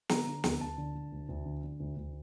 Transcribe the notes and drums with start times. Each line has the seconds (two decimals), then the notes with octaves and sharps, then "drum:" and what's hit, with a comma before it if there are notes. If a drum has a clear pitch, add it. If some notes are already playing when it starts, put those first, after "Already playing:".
0.09 D3 A#5, drum: snare
0.27 D3
0.44 D2, drum: snare
0.61 D2 A5
0.78 D3
0.95 D3
1.12 D2
1.29 D2
1.46 D3
1.63 D3
1.80 D2
1.97 D2